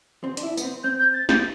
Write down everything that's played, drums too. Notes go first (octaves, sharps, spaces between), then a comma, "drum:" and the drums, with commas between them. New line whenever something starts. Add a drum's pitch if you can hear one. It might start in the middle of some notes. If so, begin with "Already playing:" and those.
C4
D4, drum: hi-hat
E4
B3, drum: tambourine
C4
C4 G6
G6
A6
G6, drum: snare